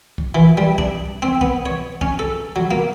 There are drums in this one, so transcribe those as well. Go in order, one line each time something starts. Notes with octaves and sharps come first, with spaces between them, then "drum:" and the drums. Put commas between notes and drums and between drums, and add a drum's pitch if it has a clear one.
drum: kick
E3
G3
D4, drum: kick
C4
B3, drum: kick
C#5
C#4, drum: kick
A4
F#3
A#3